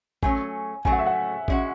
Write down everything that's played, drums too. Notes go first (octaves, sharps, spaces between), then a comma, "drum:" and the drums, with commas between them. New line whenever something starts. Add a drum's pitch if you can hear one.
F#3 A3 C#4 G#5, drum: kick
F#3 A3 C#4 G#5, drum: kick
F#5
E5
F#5
G#3 C#4 F#4, drum: kick